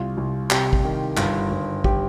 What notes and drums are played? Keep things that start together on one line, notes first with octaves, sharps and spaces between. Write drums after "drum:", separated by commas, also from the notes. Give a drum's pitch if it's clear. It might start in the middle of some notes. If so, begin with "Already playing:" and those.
Already playing: C2 F4
C2
C3 G4, drum: clap
drum: kick
D#3
G1, drum: clap
G1
G4, drum: kick